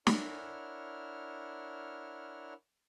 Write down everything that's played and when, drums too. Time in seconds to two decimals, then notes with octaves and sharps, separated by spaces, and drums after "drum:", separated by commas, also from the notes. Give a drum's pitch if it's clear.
0.07 D4 E4 A#4 C#5 F#5 F6, drum: snare